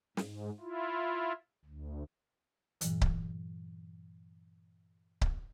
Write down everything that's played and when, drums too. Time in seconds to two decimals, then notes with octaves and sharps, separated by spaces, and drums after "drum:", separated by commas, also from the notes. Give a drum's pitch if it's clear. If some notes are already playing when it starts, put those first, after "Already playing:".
0.17 G#2, drum: snare
0.60 E4 F4
1.65 D2
2.81 G2 A#2 E3 F#3, drum: hi-hat
3.01 drum: kick C#1
5.21 drum: kick C#1